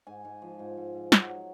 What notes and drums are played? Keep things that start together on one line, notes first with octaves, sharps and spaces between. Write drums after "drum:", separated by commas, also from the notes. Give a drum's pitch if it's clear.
G#2 G#5
G#2
F3
G#2
G#2
G#2
F#3, drum: snare
F#3